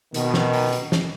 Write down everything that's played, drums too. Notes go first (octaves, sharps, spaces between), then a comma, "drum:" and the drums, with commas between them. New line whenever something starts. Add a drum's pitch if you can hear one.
B2 D#3, drum: hi-hat
drum: snare
drum: open hi-hat
drum: hi-hat
drum: snare